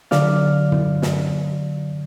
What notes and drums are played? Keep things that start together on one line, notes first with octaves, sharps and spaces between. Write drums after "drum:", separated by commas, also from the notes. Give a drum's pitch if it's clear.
D3 F#3 D5 F5 F6, drum: snare
drum: tom
drum: snare